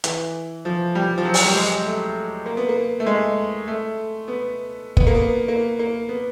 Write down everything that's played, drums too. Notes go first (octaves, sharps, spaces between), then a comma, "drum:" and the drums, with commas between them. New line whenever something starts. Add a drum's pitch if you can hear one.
E3, drum: hi-hat
F3
G3
F3
F#3
drum: open hi-hat
G3
G#3
A3
A#3
B3
A#3
A3
G#3
A3
B3
B3, drum: kick
A#3
B3
A#3
A#3
B3